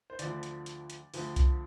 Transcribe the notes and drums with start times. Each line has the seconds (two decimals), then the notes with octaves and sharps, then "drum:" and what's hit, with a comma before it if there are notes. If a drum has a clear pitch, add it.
0.10 C5
0.19 D2 D3 F3 D5, drum: hi-hat
0.43 drum: hi-hat
0.66 drum: hi-hat
0.90 drum: hi-hat
1.14 D2 D3 F3, drum: open hi-hat
1.36 drum: kick C2, hi-hat